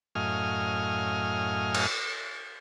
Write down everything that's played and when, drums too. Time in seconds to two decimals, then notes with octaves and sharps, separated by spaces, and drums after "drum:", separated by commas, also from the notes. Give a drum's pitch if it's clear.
0.15 F#2 A2 D#5 F5 G#5 F6
1.75 drum: cymbal